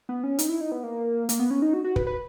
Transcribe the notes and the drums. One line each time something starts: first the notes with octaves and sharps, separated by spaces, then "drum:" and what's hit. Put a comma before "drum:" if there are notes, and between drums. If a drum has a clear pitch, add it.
B3
C#4
D#4, drum: hi-hat
E4
D#4
B3
A#3
A#3, drum: hi-hat
B3
C#4
D#4
F#4
F#4
B4, drum: kick
B4